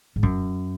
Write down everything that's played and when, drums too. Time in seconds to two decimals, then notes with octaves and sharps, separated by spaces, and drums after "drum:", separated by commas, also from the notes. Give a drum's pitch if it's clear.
0.16 G#2
0.23 F#2, drum: kick